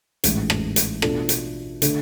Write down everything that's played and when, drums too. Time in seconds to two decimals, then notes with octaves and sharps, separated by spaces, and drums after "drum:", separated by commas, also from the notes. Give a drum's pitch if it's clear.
0.24 A1 G#2 E3, drum: hi-hat
0.50 drum: rim click
0.76 drum: hi-hat
1.02 B2 A3 D4 F4 A4, drum: rim click
1.29 drum: hi-hat
1.82 D3 A3 D4, drum: hi-hat